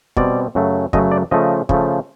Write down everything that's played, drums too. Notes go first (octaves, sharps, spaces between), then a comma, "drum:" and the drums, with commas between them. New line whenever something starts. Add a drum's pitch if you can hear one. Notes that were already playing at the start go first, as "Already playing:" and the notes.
B2 G3 C4 D5, drum: kick
F#2 C#3 F#3 A3
F#2 C#3 F#3 A3 D#5, drum: kick
D5
C#3 F3 A3 D#5
C#3 F3 A3, drum: kick